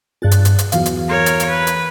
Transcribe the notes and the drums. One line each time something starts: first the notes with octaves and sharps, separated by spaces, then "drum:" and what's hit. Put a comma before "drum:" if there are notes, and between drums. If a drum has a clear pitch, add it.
G2 G#4 F#6 A6
drum: hi-hat
drum: hi-hat
drum: hi-hat
E2 E3 F#3 F5, drum: hi-hat
drum: hi-hat
A#4 C#5
drum: hi-hat
drum: hi-hat
B4
drum: hi-hat